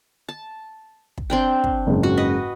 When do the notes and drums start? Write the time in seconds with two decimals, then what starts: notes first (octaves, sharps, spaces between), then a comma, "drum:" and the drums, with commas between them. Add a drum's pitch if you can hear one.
0.29 A5
1.18 drum: kick
1.30 C4 D4 G5
1.64 drum: kick
1.87 F#1 G#2 C#3
2.03 F#4
2.17 B4 D#5